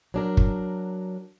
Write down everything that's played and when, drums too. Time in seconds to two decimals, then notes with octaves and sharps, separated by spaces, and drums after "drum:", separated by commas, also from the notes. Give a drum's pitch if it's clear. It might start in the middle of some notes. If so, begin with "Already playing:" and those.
0.14 F#3 D4 A#4
0.37 drum: kick